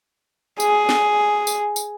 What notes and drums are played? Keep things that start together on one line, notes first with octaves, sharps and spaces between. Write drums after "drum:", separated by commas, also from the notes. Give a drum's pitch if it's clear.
G#4, drum: tambourine
drum: snare
drum: tambourine
drum: tambourine